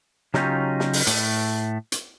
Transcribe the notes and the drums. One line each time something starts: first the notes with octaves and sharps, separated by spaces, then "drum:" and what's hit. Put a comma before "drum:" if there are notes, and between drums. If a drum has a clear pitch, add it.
C#3 F#3 C#4 D#4 F4 G4, drum: snare
drum: snare
drum: open hi-hat
A2 A3, drum: hi-hat
drum: hi-hat